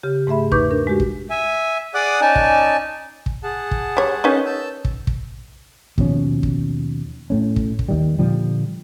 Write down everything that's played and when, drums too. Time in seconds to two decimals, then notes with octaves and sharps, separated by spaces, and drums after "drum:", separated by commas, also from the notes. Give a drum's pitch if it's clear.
0.03 C#3 G4
0.27 G#2 A3 G#4 E5 B5
0.51 E2 D#4 B4 C#6 D6 G6, drum: kick
0.71 D4 A#4
0.87 G#3 F#4 G4
1.00 drum: kick
1.30 E5 G#5
1.94 G#4 D5 F#5 D6 D#6 F#6
2.21 C#4 D#4 D5 G#5 A5
2.35 drum: kick
3.26 drum: kick
3.43 G#4 F#5 A5
3.71 drum: kick
3.97 G3 C#5
4.24 C#4 D#4 A#4 B4 C#5
4.46 A5 E6 G6
4.85 drum: kick
5.07 drum: kick
5.98 D#2 B2 F3 C#4, drum: kick
6.43 drum: kick
7.30 A2 A3 C#4
7.56 drum: kick
7.79 drum: kick
7.89 D#2 D#3 G3
8.19 A#2 D3 F3 G3